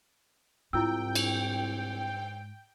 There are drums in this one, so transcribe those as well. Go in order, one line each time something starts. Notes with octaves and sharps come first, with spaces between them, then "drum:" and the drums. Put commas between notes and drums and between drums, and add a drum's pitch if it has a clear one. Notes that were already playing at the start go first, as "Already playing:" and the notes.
C2 G#2 E4 F4 G5 E6
drum: cymbal